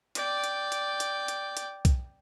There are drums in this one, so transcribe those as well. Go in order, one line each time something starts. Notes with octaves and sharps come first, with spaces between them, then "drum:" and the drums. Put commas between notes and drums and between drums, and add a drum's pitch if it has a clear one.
D5 G5, drum: hi-hat
drum: hi-hat
drum: hi-hat
drum: hi-hat
drum: hi-hat
drum: hi-hat
drum: kick B1, hi-hat